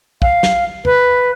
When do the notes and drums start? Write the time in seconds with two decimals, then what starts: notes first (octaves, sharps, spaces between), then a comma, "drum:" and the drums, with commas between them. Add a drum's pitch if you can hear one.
0.22 F5, drum: kick
0.43 drum: snare
0.85 B4, drum: tom E2